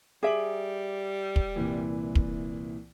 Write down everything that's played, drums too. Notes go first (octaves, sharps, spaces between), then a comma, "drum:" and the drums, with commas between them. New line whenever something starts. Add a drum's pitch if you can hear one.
G3 G#4 E5 D6 D7 F#7
drum: kick
C2 A#2 E3
drum: kick